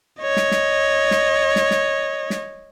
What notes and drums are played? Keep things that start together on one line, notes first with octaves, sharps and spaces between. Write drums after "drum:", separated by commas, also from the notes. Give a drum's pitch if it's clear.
C#5 D#5
drum: snare
drum: snare
drum: snare
drum: snare
drum: snare
drum: snare